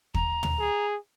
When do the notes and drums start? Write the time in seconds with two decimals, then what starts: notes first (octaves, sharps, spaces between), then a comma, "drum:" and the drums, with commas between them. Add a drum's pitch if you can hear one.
0.14 A#5, drum: kick
0.43 drum: tom
0.59 G#4